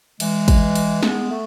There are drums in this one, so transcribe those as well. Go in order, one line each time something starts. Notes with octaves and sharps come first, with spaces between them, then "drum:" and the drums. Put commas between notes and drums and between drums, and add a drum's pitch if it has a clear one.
E3 G#3, drum: cymbal
drum: kick, cymbal
drum: cymbal
G#3 B3, drum: snare
A3